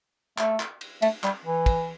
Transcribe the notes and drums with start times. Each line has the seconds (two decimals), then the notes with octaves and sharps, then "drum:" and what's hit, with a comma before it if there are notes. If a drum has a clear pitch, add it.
0.38 A3, drum: clap
0.60 drum: clap
0.81 drum: cymbal
1.02 A3, drum: cymbal
1.24 G3, drum: clap
1.45 E3
1.66 drum: kick, cymbal